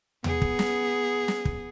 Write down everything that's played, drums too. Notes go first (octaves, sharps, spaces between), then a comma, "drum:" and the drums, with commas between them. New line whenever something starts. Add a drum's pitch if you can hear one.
B3 G#4, drum: tom D#2
drum: kick
drum: snare
drum: snare
drum: kick